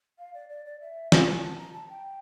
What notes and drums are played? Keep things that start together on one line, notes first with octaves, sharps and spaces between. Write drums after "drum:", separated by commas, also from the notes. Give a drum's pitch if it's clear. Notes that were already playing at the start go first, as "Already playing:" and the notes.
F5
D5
D5
D5
E5
F#5, drum: snare
G#5
A5
A#5
A5
G5